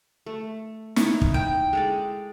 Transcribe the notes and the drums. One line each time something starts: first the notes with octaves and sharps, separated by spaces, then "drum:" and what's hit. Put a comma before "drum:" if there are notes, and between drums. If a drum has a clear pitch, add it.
A3
C#4 D#4 E4, drum: snare
drum: kick
G5
G#3 A4 D5